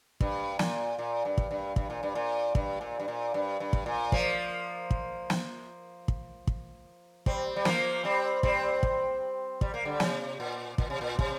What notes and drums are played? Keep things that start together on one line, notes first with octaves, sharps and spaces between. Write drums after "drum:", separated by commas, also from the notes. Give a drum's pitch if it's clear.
G2, drum: kick
A#2, drum: snare
A#2
G2
drum: kick
G2
G2, drum: kick
A#2
G2
A#2
G2, drum: kick
A#2
G2
A#2
G2
G2
drum: kick
A#2
F3 A#3, drum: kick
drum: kick
drum: snare
drum: kick
drum: kick
G3 C4, drum: kick
G3
F3 A#3, drum: snare
G3 C4
G3 C4, drum: kick
drum: kick
G3, drum: kick
A#3
D3 G3
C3, drum: snare
A#2
A#2, drum: kick
C3
A#2
C3, drum: kick